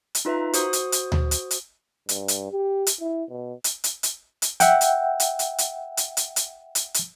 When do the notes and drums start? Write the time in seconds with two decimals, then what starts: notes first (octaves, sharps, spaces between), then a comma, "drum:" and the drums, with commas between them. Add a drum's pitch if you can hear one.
0.15 drum: hi-hat
0.25 D#4 F4 B4 E5 A#5
0.53 F#4 C5 D#6, drum: hi-hat
0.73 drum: hi-hat
0.92 drum: hi-hat
1.12 drum: tom D2
1.31 drum: hi-hat
1.51 drum: hi-hat
2.09 G2, drum: hi-hat
2.28 drum: hi-hat
2.52 G4
2.87 drum: hi-hat
3.00 E4
3.30 B2
3.64 drum: hi-hat
3.84 drum: hi-hat
4.03 drum: hi-hat
4.42 drum: hi-hat
4.60 E5 F#5 G5, drum: hi-hat
4.81 drum: hi-hat
5.20 drum: hi-hat
5.39 drum: hi-hat
5.58 drum: hi-hat
5.97 drum: hi-hat
6.17 drum: hi-hat
6.36 drum: hi-hat
6.75 drum: hi-hat
6.94 drum: hi-hat